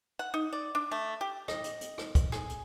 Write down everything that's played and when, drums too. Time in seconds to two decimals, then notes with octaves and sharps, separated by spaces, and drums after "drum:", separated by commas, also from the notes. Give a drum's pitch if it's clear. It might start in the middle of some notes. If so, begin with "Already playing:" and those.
0.19 F#5
0.34 D#4
0.53 D5
0.75 D4
0.91 A3
1.21 G4
1.48 D#5, drum: rim click
1.64 drum: hi-hat
1.81 drum: hi-hat
1.98 drum: rim click
2.15 drum: kick, hi-hat
2.32 G#4, drum: rim click
2.49 drum: hi-hat